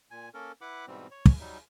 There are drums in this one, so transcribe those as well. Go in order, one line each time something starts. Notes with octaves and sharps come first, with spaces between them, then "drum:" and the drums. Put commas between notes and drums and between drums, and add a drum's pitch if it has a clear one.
A#2 G#5
A#3 C#4 A4 A#4
E4 B4 F#5 B5 D6
G#2 B2 E3 G3 C4
C#5
drum: kick
F#3 G3 D#4